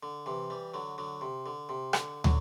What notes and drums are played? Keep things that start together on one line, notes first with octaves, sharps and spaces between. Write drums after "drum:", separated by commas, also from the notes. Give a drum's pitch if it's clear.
D3
C3 E3
E3 G3
D3 F#3
D3 F#3
C3
D3
C3
D3, drum: rim click
D3 F#3, drum: tom